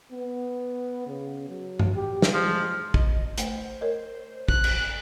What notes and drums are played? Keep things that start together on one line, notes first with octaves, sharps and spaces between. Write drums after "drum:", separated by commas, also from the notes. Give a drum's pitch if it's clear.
B3
C#3
F#3
drum: tom G2
G4
drum: snare
F3 G#3
D#5, drum: kick
A3 C5 F#5, drum: hi-hat
A#4 C#5 D#5
F#6, drum: kick
drum: cymbal